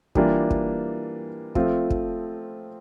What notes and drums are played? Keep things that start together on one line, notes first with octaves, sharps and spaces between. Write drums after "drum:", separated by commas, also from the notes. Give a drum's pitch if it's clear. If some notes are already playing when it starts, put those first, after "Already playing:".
E3 G3 A#3 D4 F4, drum: kick
drum: kick
F3 A3 C4 F4, drum: kick
drum: kick